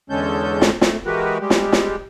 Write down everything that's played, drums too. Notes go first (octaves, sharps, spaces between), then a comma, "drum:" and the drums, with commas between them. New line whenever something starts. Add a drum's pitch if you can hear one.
E2 D3 G#3 C#4 A4 G6
drum: snare
A3, drum: snare
E3 G#3 F#4 G4 A#4 B4
G3 G#3 G4
drum: snare
drum: snare